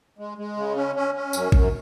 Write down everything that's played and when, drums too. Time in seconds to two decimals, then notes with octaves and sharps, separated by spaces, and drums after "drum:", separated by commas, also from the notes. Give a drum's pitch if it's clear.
0.19 G#3
0.38 G#3
0.57 C#3
0.76 C#4
0.95 C#4
1.15 C#4
1.33 F#2, drum: tambourine
1.52 F#2, drum: kick A1